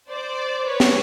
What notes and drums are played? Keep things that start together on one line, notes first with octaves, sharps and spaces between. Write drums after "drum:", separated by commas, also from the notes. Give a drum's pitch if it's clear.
C5 D5
B4 C#5
drum: snare